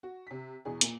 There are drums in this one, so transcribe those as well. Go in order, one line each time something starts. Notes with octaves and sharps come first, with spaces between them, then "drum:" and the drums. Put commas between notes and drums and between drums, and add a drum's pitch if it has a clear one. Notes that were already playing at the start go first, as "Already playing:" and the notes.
F#4
C3 B6
E2 B2 G#4
A#2 A#3, drum: hi-hat